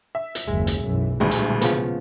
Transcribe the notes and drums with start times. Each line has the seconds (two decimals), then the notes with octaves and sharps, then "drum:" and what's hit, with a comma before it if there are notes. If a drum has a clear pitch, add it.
0.15 E5
0.35 drum: hi-hat
0.47 F#1 D#2 G#3
0.67 drum: hi-hat
0.83 B1 F#2 E3
1.20 A1 D2 G2 A#2 G#3
1.31 drum: hi-hat
1.61 C#3 F3 B3, drum: hi-hat